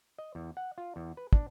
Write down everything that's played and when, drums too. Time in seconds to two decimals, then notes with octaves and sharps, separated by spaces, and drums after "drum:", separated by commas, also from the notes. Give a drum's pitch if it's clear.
0.18 D#5
0.35 E2
0.57 F#5
0.78 F4
0.96 E2
1.17 B4
1.33 D4, drum: kick